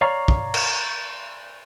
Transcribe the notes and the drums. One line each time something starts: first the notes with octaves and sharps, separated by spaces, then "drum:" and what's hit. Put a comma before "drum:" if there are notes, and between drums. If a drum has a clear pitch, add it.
C#5 D5 F5 A#5 C#6
drum: kick
drum: cymbal